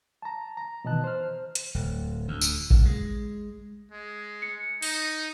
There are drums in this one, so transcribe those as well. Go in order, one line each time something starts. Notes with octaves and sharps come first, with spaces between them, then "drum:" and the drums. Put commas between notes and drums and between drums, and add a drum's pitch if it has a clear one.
A5 A#5
A#5
B2 D#3 E3 D#5 A5 F#6
C5 F6
drum: hi-hat
D1
D2
drum: tambourine
F#1, drum: kick A1
G#3
G#3
C#7
D#4, drum: open hi-hat